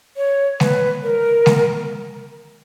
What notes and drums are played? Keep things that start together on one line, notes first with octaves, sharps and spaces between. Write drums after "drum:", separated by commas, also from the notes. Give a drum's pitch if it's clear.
C#5
B4, drum: snare
A#4
drum: snare